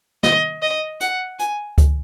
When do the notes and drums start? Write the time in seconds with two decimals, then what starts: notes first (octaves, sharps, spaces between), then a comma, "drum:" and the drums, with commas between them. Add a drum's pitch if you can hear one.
0.23 D#5, drum: snare
0.62 D#5
1.00 F#5, drum: hi-hat
1.39 G#5, drum: hi-hat
1.78 drum: kick C#2, hi-hat